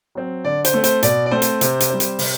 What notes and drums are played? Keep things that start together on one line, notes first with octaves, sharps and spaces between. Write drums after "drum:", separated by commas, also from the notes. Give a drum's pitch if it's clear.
F#3 C4
D3 D5
C5, drum: hi-hat
A3 C4
C5, drum: hi-hat
B2 D5, drum: hi-hat
D5
A3 C4 C5
drum: hi-hat
C3, drum: hi-hat
drum: hi-hat
G3 C4
drum: hi-hat
C3, drum: open hi-hat